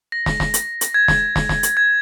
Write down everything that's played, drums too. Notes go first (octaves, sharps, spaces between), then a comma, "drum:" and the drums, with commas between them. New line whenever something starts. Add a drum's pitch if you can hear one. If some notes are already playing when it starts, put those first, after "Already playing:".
A#6
drum: snare
drum: snare
drum: hi-hat
drum: hi-hat
G#6
drum: snare
drum: snare
drum: snare
drum: hi-hat
G#6